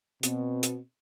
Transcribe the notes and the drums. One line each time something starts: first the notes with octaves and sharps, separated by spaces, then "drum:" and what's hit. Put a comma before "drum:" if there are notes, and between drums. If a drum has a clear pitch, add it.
B2 C4, drum: hi-hat
drum: hi-hat